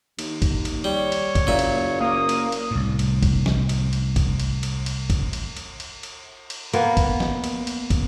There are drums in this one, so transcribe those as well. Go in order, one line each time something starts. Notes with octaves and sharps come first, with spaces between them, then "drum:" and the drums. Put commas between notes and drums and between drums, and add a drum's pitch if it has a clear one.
D#2, drum: cymbal
drum: kick, cymbal
drum: cymbal
G3 C#5
drum: cymbal
drum: kick, cymbal
F#1 A#2 E5
drum: cymbal
A#3 D#6
drum: cymbal
drum: cymbal
C2 A2
drum: cymbal
drum: kick, cymbal
drum: snare
drum: cymbal
drum: cymbal
drum: kick, cymbal
drum: cymbal
drum: cymbal
drum: cymbal
drum: kick, cymbal
drum: cymbal
drum: cymbal
drum: cymbal
drum: cymbal
drum: cymbal
A#3 B3, drum: cymbal
drum: kick, cymbal
drum: snare
drum: cymbal
drum: cymbal
drum: kick, cymbal